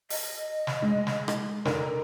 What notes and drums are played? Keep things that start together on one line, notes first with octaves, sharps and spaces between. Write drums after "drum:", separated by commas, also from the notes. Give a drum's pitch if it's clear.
D#5, drum: open hi-hat
drum: snare
G#3
drum: snare
drum: rim click
D3 D#4 A#4, drum: snare